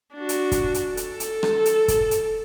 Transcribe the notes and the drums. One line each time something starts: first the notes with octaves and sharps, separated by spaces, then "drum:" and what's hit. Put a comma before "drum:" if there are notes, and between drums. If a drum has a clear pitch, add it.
D4 F#4
drum: hi-hat
drum: kick, hi-hat
drum: hi-hat
A4, drum: hi-hat
drum: hi-hat
drum: rim click
drum: hi-hat
drum: kick, hi-hat
drum: hi-hat